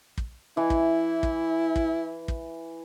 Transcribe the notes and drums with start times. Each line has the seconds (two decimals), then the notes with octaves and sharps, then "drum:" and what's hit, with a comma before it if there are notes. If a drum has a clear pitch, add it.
0.18 drum: kick
0.57 E3 E4
0.70 drum: kick
1.23 drum: kick
1.76 drum: kick
2.28 drum: kick